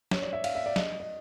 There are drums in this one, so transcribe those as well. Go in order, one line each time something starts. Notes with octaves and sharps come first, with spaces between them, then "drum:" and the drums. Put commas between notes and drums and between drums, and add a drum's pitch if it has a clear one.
C#5, drum: snare
D5
E5
F5, drum: cymbal
E5
D5
D#5, drum: snare
D#5